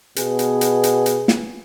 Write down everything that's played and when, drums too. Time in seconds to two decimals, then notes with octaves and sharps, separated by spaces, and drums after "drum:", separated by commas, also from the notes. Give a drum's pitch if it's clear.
0.16 B2 B3 G#4, drum: hi-hat
0.39 drum: hi-hat
0.61 drum: hi-hat
0.83 drum: hi-hat
1.06 drum: hi-hat
1.28 drum: snare